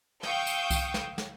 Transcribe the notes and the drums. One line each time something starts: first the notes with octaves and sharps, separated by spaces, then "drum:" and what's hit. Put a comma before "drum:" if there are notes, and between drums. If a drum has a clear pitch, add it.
F5 G5 C#6 D#6 E6 G6, drum: snare
drum: tambourine
drum: kick C2, tambourine
drum: snare
drum: snare